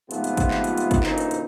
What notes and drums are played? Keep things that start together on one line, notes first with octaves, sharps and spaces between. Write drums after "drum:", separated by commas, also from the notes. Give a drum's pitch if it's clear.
G#2 C3 F3 A3 B3 F4, drum: hi-hat
drum: hi-hat
drum: kick, hi-hat
drum: clap
drum: hi-hat
drum: hi-hat
drum: kick, hi-hat
A1 D2 A#2 E3 D#4 C5, drum: clap
drum: hi-hat
drum: hi-hat